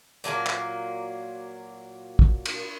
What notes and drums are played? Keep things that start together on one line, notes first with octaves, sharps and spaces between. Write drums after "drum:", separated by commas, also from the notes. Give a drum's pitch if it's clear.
A#2 F#3 A3 A#3
drum: clap
drum: kick
drum: cymbal